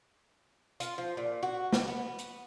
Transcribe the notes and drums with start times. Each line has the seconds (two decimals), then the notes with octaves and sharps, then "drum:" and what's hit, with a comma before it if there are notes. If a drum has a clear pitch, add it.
0.80 F4, drum: hi-hat
0.98 F3
1.17 A#2
1.43 F#4
1.73 drum: snare
1.88 B3
2.19 drum: hi-hat